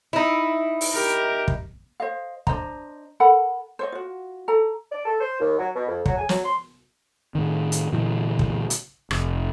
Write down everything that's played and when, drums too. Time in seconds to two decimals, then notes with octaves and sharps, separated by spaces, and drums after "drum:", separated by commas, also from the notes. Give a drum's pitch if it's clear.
0.13 D#4 E4
0.81 drum: open hi-hat
0.93 G4 A#4
1.48 drum: kick
2.00 C5 D#5 F5
2.47 D4 C5 D#5 A#5, drum: kick
3.20 A4 A#4 F#5 B5
3.79 C5 C#5 D#5
3.92 F4 F#4
4.48 A4 A#5
4.91 D5
5.05 A4
5.20 C5
5.39 D#2
5.59 F#3
5.74 B2
5.87 F2
6.06 F#3, drum: kick
6.17 G#5
6.29 F#3, drum: snare
6.44 C6
7.35 A2 D#3
7.72 drum: hi-hat
7.93 A#2 D3 E3
8.39 drum: kick
8.70 drum: hi-hat
9.11 F1, drum: rim click